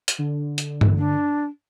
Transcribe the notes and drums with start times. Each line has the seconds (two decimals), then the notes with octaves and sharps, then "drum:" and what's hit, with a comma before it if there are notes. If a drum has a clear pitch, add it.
0.08 drum: hi-hat
0.19 D3
0.58 drum: hi-hat
0.81 drum: tom G2
0.98 D4